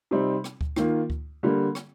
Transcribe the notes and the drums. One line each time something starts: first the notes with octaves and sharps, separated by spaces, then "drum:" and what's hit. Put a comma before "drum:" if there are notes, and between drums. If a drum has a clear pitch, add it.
C3 G3 C4 D#4
drum: rim click
drum: kick D2
D#3 A#3 F4, drum: rim click
drum: kick D2
D3 G3 A#3
drum: rim click